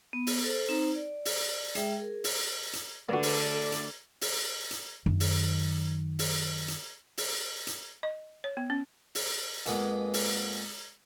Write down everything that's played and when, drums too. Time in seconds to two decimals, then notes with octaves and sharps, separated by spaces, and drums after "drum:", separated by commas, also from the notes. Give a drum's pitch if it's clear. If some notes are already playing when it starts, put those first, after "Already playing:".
0.13 B3
0.27 drum: open hi-hat
0.44 A4 C5
0.69 C4 D#4 C5 A#5
0.95 D5
1.25 drum: open hi-hat
1.75 G#3 G#4 E5 G5, drum: hi-hat
1.99 G#4 A#4
2.24 drum: open hi-hat
2.73 drum: hi-hat
3.09 D2 D3 A#3 D4 F#4 B4 D5
3.23 drum: open hi-hat
3.51 A4
3.72 drum: hi-hat
4.21 drum: open hi-hat
4.71 drum: hi-hat
5.06 F#2 D#3
5.20 drum: open hi-hat
6.19 drum: open hi-hat
6.68 drum: hi-hat
7.17 drum: open hi-hat
7.67 drum: hi-hat
8.03 D#5
8.44 C#5
8.57 B3
8.70 C#4
9.15 drum: open hi-hat
9.66 F2 G#3 A#3 B3, drum: hi-hat
10.14 drum: open hi-hat